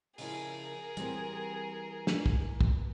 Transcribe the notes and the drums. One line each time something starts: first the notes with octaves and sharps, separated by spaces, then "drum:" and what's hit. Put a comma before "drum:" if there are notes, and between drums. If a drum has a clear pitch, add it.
C#3 F3 E4 G#4 A#4, drum: open hi-hat
E3 G3 C4 G4, drum: hi-hat
drum: snare
drum: kick
drum: kick